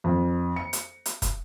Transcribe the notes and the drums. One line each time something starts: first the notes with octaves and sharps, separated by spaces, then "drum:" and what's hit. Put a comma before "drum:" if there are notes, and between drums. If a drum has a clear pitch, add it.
F2
C#7
drum: hi-hat
drum: hi-hat
drum: kick, hi-hat